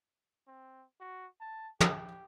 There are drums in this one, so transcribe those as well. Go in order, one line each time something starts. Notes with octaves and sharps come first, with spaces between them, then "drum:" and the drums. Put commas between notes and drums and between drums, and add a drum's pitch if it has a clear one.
C4
F#4
A5
G4, drum: tom